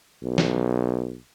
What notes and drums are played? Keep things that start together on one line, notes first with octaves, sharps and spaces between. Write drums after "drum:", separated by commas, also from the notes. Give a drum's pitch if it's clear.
B1
drum: snare